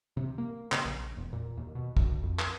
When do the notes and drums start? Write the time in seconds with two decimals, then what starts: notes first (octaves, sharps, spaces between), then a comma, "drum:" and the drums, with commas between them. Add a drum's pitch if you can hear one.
0.17 C3
0.38 A#3
0.72 C#3, drum: clap
0.85 A#1
1.17 E1
1.33 A#2
1.57 D#2
1.75 B2
1.97 D2, drum: kick
2.23 F2
2.39 drum: clap